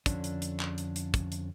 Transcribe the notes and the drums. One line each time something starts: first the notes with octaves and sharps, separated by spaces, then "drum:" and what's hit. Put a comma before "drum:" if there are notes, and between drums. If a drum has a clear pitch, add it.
F2 D3 C#4 D4, drum: kick, hi-hat
drum: hi-hat
drum: hi-hat
drum: clap
drum: hi-hat
drum: hi-hat
drum: kick, hi-hat
drum: hi-hat